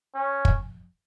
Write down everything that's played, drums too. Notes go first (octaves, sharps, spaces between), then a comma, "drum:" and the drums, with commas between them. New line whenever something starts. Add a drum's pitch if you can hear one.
C#4
drum: kick